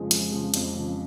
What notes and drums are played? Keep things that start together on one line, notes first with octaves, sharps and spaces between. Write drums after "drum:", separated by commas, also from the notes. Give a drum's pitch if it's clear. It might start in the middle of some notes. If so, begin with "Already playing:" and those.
Already playing: F2 C#3 F3 G#3 G#4
F2, drum: hi-hat
C#3 F3
F2, drum: hi-hat
C#3 F3